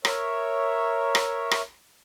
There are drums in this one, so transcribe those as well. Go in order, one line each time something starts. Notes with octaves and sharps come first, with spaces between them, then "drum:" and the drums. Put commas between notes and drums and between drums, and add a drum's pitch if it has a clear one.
A#4 C#5 E5, drum: rim click
drum: rim click
drum: rim click